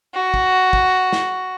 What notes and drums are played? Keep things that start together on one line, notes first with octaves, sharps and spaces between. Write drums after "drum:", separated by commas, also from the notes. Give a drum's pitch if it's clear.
F#4
drum: kick
drum: kick
drum: snare